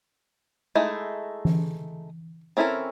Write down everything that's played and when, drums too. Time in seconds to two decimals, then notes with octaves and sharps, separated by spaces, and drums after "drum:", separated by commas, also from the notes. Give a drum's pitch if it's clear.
0.75 G#3 A3 D#4 E4
1.45 drum: tom E3
2.57 C4 C#4 E4 A4 A#4